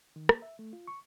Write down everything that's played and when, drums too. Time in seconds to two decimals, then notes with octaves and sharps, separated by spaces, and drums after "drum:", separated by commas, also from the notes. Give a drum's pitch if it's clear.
0.16 D#3
0.29 A#3, drum: rim click
0.42 E5
0.59 A3
0.73 F4
0.87 C#6